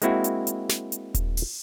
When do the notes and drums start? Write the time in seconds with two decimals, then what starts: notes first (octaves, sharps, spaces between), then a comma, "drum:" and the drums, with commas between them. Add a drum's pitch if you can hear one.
0.02 G#3 A#3 C4 E4 F#4, drum: hi-hat
0.24 drum: hi-hat
0.47 drum: hi-hat
0.69 drum: snare
0.92 drum: hi-hat
1.15 drum: kick D#1, hi-hat
1.37 drum: open hi-hat